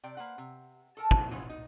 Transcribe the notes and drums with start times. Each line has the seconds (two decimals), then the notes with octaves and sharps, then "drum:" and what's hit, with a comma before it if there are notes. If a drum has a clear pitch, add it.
0.03 C3 D5 G5
0.17 A#3 B4 C5 F#5
0.38 C3
0.97 A4 A#4 A5
1.11 drum: kick
1.31 E3 G#3 B3 C#4 F4 C#5
1.49 D#4